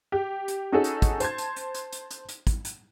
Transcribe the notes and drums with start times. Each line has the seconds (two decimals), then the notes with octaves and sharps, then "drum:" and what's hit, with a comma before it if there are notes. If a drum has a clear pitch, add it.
0.12 G4
0.48 drum: hi-hat
0.72 C#4 D#4 F#4 G#4 A4
0.84 drum: hi-hat
1.02 drum: kick, hi-hat
1.20 C5 A5 C6 G#6, drum: hi-hat
1.38 drum: hi-hat
1.56 drum: hi-hat
1.74 drum: hi-hat
1.93 drum: hi-hat
2.11 drum: hi-hat
2.29 drum: hi-hat
2.47 drum: kick, hi-hat
2.65 drum: hi-hat